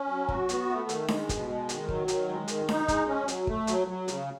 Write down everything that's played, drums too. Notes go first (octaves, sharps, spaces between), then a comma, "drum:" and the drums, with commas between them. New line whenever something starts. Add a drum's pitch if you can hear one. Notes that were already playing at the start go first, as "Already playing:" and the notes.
Already playing: C#4
F#3
F#4, drum: kick
B3, drum: hi-hat
A3
D#3, drum: hi-hat
G#3, drum: snare D4
B2, drum: kick, hi-hat
G#3
D#3, drum: hi-hat
F#3, drum: kick
D#3, drum: hi-hat
G#3
D#3, drum: hi-hat
D#4, drum: snare D4
G#3, drum: kick, hi-hat
C#4
F#3, drum: hi-hat
A3, drum: kick
F#3, drum: hi-hat
F#3
C#3, drum: hi-hat